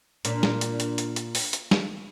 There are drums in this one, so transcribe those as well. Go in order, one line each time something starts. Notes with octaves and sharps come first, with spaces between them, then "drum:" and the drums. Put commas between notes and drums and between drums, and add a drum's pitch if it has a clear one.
A#2 D4, drum: hi-hat
drum: snare
drum: hi-hat
drum: hi-hat
drum: hi-hat
drum: hi-hat
drum: open hi-hat
drum: hi-hat
drum: snare